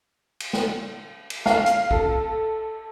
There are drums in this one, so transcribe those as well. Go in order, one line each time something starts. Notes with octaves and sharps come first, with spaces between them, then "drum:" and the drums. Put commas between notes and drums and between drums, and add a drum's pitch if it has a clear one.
drum: cymbal
drum: snare
drum: cymbal
F5, drum: snare
drum: hi-hat
A4, drum: kick